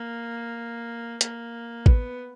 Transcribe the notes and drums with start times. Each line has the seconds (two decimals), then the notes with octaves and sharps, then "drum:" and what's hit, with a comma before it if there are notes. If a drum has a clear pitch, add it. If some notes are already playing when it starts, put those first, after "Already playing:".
Already playing: A#3
1.21 A#3, drum: hi-hat
1.86 B3, drum: kick A1